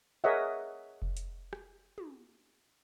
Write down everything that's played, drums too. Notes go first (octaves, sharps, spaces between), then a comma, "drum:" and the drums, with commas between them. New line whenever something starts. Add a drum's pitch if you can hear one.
G#4 A#4 C#5 D#5 E5 F#5
drum: kick F1
drum: hi-hat
drum: rim click
drum: tom